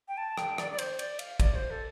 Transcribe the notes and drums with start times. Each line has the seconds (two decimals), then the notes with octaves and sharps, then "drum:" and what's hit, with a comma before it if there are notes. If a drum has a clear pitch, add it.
0.08 G5
0.17 A5
0.38 G5, drum: rim click
0.58 D5, drum: rim click
0.71 D5
0.78 C5, drum: cymbal
0.99 D5, drum: cymbal
1.19 F5, drum: cymbal
1.40 D5, drum: kick, cymbal
1.55 C5
1.71 A4